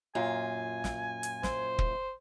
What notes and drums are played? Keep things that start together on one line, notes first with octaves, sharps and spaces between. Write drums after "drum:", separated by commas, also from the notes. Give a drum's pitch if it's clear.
F#2 A#2 F4 G#5
drum: snare
drum: hi-hat
C5, drum: snare
drum: kick